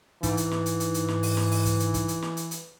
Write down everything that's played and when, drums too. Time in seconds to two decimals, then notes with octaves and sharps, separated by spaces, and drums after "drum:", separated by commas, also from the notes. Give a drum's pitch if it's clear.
0.23 G#2 E3, drum: kick, hi-hat
0.37 drum: hi-hat
0.51 drum: snare
0.66 drum: hi-hat
0.80 drum: hi-hat
0.94 drum: hi-hat
1.08 drum: snare
1.23 drum: open hi-hat
1.37 drum: snare
1.51 drum: open hi-hat
1.65 drum: kick, hi-hat
1.80 drum: hi-hat
1.94 drum: kick, hi-hat
2.08 drum: hi-hat
2.22 drum: snare
2.37 drum: hi-hat
2.51 drum: hi-hat